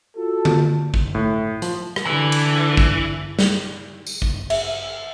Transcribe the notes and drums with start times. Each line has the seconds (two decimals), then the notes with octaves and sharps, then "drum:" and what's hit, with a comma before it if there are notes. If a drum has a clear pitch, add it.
0.17 F4 F#4 A4
0.45 drum: tom D3
0.94 drum: kick
1.15 A2
1.62 F3, drum: hi-hat
1.96 drum: rim click
2.06 D3 E3
2.32 drum: cymbal
2.77 drum: kick
3.39 drum: snare
4.07 drum: tambourine
4.22 drum: kick
4.50 E5, drum: cymbal